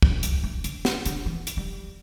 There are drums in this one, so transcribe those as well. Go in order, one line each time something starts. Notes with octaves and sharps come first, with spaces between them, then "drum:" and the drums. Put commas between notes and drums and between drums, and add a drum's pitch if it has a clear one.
E3, drum: kick
E3, drum: hi-hat
A3
D3, drum: hi-hat
drum: snare
D3, drum: hi-hat
E3
drum: hi-hat
G3